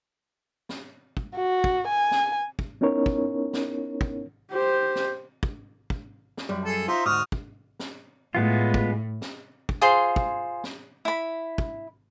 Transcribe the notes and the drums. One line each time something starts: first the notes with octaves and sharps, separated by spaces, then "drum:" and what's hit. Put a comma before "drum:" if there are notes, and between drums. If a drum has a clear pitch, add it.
drum: snare
drum: kick
F#4
drum: kick
G#5
drum: snare
drum: kick
B3 C#4 D#4 E4 A#4 C#5
drum: kick
drum: snare
drum: kick
G4 C5
drum: snare
drum: kick
drum: kick
drum: snare
F#2 G3
G#4 A4
D#4 F4 C5 E5
D2 G#2 F#4 D#6 F6
drum: kick
drum: snare
A2 G#3 B3 F4
drum: kick
drum: snare
drum: kick
F4 G#4 C5 C6
drum: kick
drum: snare
E4 B5
drum: kick